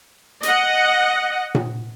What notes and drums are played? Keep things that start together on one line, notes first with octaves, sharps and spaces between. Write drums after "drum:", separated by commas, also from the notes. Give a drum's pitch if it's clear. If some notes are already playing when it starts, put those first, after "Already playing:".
D#5 F#5, drum: hi-hat
drum: tom A#2